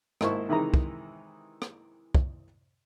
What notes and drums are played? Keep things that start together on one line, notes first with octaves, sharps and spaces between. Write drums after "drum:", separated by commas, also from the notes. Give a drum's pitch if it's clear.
G#1 A#3 E4 C5 C#6, drum: rim click
C3 D#3 E3 G#3 D#4 A#5
drum: kick
drum: rim click
drum: kick